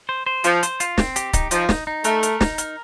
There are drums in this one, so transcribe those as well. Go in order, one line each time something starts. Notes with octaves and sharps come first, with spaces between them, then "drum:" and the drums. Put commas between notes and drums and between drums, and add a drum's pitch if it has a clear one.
C5
C5
F3 F4, drum: hi-hat
C5, drum: hi-hat
F4, drum: hi-hat
C4, drum: snare
G4, drum: hi-hat
D#4, drum: kick C#1, hi-hat
F3 D#4, drum: hi-hat
D#4, drum: snare
D#4
A3 A#4, drum: hi-hat
A#4, drum: hi-hat
D#4, drum: snare
A#4, drum: hi-hat